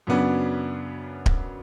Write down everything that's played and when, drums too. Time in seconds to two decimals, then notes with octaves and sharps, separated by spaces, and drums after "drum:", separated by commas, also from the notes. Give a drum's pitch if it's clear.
0.07 F#2 C#3 F#3 B3 D4
1.26 drum: kick D1